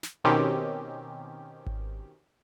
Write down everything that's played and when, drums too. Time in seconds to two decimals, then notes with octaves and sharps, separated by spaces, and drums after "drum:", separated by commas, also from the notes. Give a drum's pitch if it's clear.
0.03 drum: snare
0.24 B2 D#3 C4 C#4 G4
1.66 drum: kick G#1